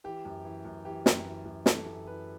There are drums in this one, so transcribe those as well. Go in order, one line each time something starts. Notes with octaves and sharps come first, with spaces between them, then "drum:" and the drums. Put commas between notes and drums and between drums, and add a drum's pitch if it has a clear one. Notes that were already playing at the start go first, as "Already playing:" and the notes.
E3 G4
F#2
E3
F#2
E3 G4
F#2, drum: snare
E3
F#2
E3 A4, drum: snare
F#2
E3 B4